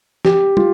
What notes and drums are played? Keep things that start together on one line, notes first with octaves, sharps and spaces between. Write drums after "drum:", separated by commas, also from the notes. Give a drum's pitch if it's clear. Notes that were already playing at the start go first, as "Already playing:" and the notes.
G4, drum: snare
F4, drum: tom